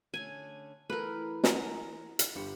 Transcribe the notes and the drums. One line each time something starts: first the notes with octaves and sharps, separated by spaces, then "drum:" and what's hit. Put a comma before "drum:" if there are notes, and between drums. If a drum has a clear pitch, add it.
D3 A3 C#4 G#5
E3 A3 A#4 B4
A#4 F#5 G#5 A#5, drum: snare
drum: hi-hat
G1 G4 B4 C#7